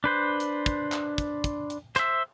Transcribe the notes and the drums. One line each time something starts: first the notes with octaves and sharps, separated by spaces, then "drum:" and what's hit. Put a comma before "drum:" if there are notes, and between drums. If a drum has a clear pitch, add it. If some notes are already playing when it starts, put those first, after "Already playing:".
D4 B4 C5
drum: hi-hat
drum: kick, hi-hat
drum: clap
drum: kick, hi-hat
drum: kick, hi-hat
drum: hi-hat
C5 E5, drum: clap